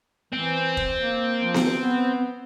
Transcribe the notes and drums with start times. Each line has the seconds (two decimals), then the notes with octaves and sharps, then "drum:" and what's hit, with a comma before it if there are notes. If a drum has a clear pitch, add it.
0.33 E3 C4
0.77 drum: kick F1
0.99 A#3
1.43 F3
1.54 drum: snare B3
1.80 B3